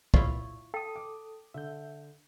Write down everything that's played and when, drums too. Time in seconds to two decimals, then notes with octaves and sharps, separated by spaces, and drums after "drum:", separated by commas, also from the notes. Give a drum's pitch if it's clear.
0.14 E4 F4 C#6, drum: kick
0.74 A4 G5 D#6
0.96 D6
1.54 D3 E5 G6